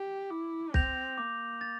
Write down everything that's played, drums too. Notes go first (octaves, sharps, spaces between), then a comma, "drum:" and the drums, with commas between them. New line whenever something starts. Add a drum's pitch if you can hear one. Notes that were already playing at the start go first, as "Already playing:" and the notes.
Already playing: G4
E4 D6
C4 G6 A#6 F7, drum: kick
A#3 D6
A6